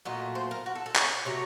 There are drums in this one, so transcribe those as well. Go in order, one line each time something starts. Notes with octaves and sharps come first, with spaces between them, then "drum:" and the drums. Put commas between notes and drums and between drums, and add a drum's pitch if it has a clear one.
A#2 F#3 A3 D#5
C5
A#4
F#4
A4
A4
C#5, drum: clap
C3 F#3 A3 C#5